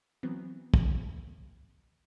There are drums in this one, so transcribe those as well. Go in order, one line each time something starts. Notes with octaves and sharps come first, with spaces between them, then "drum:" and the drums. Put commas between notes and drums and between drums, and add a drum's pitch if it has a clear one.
E3 F#3 B3 C4
drum: kick